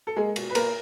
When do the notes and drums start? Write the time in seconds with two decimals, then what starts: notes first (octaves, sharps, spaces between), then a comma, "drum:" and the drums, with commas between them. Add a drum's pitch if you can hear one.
0.07 A4
0.16 G#3 A#3 G#4
0.36 B2, drum: cymbal
0.50 B4
0.55 A#3 A#4, drum: cymbal